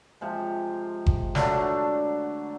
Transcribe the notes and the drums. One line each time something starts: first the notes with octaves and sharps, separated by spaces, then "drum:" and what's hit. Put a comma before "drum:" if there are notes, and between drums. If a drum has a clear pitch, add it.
C3 F3 G#3
drum: kick F#1
D3 F#3 A3 D4, drum: snare